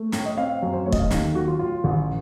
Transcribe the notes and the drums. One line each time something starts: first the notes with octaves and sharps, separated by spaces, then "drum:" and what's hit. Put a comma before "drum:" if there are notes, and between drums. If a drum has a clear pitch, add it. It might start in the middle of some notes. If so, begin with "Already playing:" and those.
Already playing: A3
A2, drum: snare
D#5
C4 F5
F5
F#2
C5
A3 C#5
D#5, drum: kick
F5
D#2 F5, drum: snare
A4
F#3 F#4
F4
A2 F4
A1